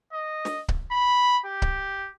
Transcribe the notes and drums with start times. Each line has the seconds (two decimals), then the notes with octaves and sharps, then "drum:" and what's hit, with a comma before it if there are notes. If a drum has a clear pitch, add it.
0.13 D#5
0.45 drum: snare
0.68 drum: kick C#1
0.92 B5
1.46 G4
1.62 drum: kick C#1